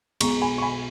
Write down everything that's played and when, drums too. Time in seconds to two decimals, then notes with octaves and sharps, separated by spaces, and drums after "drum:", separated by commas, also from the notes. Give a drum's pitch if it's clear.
0.21 B1 B2 G#3 A#5 C#6, drum: cymbal
0.42 G#5 B5
0.58 C#6
0.62 G#5 B5